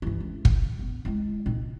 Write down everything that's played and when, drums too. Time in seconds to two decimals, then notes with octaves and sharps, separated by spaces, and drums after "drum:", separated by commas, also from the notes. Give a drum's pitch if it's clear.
0.02 G2 E3
0.20 C#2
0.45 E3, drum: kick
0.79 B3
1.05 G#3 E4
1.46 A#2 D#4